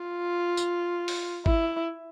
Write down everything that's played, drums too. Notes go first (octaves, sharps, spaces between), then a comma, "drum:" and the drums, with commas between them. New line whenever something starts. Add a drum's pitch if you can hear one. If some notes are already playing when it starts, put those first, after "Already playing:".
Already playing: F4
drum: tambourine
drum: open hi-hat
E4, drum: kick G#1